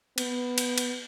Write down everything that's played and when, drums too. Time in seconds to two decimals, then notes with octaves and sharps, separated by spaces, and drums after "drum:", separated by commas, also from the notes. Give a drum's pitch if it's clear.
0.18 B3, drum: cymbal
0.58 drum: cymbal
0.78 drum: cymbal